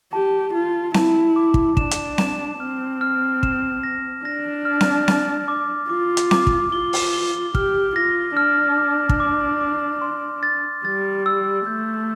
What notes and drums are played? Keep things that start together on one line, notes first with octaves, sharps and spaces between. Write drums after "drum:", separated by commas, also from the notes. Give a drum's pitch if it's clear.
G4 A5
F4 A5
E4 A5, drum: snare C4
D6
drum: kick
D4 E7, drum: kick
drum: hi-hat
E7, drum: snare C4
C4 F6
F6
E7, drum: kick
A#6
D4 A#6
F6
drum: snare C4
A6, drum: snare C4
D6
F4 D6
drum: hi-hat
D6, drum: snare C4
drum: kick
F4 G7
drum: open hi-hat
G7
G4 F6, drum: kick
F4 A#6
D4 F6
D6
drum: kick
D6
D6
C6
A6
G3 A6
E6
A3 G6